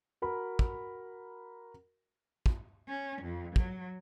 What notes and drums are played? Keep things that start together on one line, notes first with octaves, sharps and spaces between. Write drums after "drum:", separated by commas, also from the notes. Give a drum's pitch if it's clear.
F#4 A#4 B5
drum: kick
drum: kick
C#4
F2
F#3, drum: kick